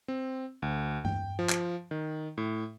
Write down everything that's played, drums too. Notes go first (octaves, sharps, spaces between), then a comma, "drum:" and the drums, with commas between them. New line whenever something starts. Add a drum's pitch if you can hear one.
C4
D2
G5, drum: tom G2
F3
drum: clap
D#3
A2